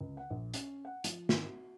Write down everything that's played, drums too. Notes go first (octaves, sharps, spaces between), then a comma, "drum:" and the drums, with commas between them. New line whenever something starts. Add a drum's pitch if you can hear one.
C#2
F#5
A#1
C#4, drum: hi-hat
F#5
F3, drum: hi-hat
G#1, drum: snare
F#4